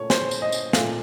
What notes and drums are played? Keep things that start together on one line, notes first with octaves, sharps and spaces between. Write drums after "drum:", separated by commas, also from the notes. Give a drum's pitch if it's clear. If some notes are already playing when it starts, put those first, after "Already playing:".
Already playing: A#2 A3 C#5
C5, drum: snare
drum: tambourine
D#5
drum: tambourine
A#2 A3 F5, drum: snare